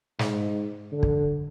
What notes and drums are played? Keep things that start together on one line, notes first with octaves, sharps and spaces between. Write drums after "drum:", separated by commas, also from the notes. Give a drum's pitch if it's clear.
G#2, drum: snare
D3
drum: kick